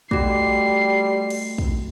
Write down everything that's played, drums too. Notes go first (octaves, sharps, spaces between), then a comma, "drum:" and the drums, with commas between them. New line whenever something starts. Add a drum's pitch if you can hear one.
G3 A3 F#4 C7, drum: kick
drum: cymbal
drum: kick